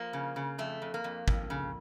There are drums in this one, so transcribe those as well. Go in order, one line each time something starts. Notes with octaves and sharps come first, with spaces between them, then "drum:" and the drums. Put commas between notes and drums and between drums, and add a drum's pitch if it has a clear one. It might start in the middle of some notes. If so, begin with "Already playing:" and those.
Already playing: F3 A#3
C#3
C#3
F2 A3
F2
A#3
F2
F2, drum: kick
C#3